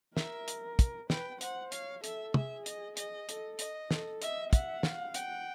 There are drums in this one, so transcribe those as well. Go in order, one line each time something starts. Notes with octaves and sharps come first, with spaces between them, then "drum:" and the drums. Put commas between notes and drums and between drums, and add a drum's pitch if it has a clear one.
A#4 E5, drum: snare
drum: hi-hat
drum: kick, hi-hat
B4 G5, drum: snare
C5 F#5, drum: hi-hat
C#5 F5, drum: hi-hat
A4 E5, drum: hi-hat
G#4 E5, drum: tom
D#5, drum: hi-hat
D#5, drum: hi-hat
A4, drum: hi-hat
D#5, drum: hi-hat
A4, drum: snare
D#5 E5, drum: hi-hat
E5 F#5, drum: kick, hi-hat
F5, drum: snare
F#5 G5, drum: hi-hat